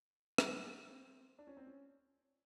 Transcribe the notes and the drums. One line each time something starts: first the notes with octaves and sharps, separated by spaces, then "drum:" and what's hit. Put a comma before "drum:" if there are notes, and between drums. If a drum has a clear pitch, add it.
B3, drum: rim click
C4
D4
C#4
C4
C#4